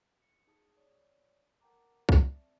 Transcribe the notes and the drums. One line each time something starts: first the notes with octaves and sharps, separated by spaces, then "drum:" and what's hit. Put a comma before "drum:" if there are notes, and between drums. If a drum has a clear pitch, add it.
C#7
D#4 G#4 A5 D#6
C#5 D5
A#4 F#5 G5 A5 A#5 D6
C4 D5 E5 A5, drum: kick B1